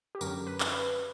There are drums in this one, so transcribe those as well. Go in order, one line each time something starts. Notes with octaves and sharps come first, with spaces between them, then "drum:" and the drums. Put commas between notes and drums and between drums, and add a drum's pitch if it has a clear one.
G4
F#2 D3 F#3 C#4 A#4, drum: tambourine
B4
drum: clap
B4